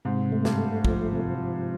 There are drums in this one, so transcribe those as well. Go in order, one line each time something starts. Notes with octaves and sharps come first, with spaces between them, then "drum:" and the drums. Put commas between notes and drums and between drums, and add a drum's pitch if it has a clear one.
G#2 C3
A3
G2, drum: snare
A3
F3, drum: kick
C3
F3